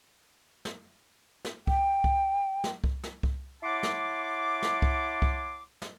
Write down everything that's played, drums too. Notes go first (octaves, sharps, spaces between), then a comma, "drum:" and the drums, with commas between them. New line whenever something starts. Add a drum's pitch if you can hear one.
drum: snare
drum: snare
G5, drum: kick C2
drum: kick C2
drum: snare
drum: kick C2
drum: snare
drum: kick C2
E4 C#5 F#5 A5 C6 D6
drum: snare
drum: snare
drum: kick C2
drum: kick C2
drum: snare